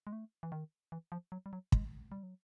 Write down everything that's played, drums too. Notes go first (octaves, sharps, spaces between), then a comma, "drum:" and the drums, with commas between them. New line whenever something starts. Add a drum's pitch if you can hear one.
G#3
A3
E3
D#3
E3
F3
F#3
G3
F#3
G#3, drum: kick
G3
F#3